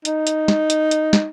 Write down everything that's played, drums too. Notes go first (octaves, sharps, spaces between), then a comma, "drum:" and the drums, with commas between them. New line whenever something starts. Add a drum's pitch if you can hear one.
D#4, drum: hi-hat
drum: hi-hat
drum: snare
drum: hi-hat
drum: hi-hat
drum: snare